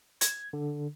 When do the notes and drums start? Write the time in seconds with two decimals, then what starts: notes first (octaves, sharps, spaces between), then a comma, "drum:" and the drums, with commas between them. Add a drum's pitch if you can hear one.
0.21 G#6, drum: hi-hat
0.53 D3